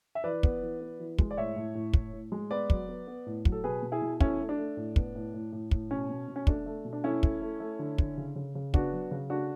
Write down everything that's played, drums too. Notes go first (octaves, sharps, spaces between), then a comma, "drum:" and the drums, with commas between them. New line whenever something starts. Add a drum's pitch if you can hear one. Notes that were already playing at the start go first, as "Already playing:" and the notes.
E5
E3 B4 D5
B3, drum: kick
E3
B3
E3
G#3, drum: kick
D5
A2 C#5 E5
A2
A2
A2, drum: kick
A2
G#3
B3 B4 D5
F#3, drum: kick
B3
B3
A2
F#3, drum: kick
A4
B2 G#4 B4
B2
E4 G#4
B2
A3 C#4 E4, drum: kick
A3
D4
A3
A2
B3, drum: kick
A2
A2
A2
A2, drum: kick
B2 C#4
B2
B2
C#4
A3 D4, drum: kick
A3
B2
D4
A3 C#4 E4
A3, drum: kick
A3
A3
D3
D3, drum: kick
C#3
C#3
C#3
B3 D4 F#4, drum: kick
F#3
C#3
A3 D4 F#4